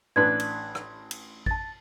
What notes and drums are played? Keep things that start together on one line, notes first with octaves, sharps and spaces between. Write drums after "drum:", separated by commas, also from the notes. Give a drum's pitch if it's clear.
A1 D4 B4 G#6
drum: cymbal
drum: rim click
drum: cymbal
A5 A6, drum: kick G#1